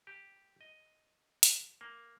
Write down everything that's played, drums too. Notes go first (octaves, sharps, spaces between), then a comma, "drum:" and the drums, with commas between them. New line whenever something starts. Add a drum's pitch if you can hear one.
G4
D#5
drum: hi-hat
A#3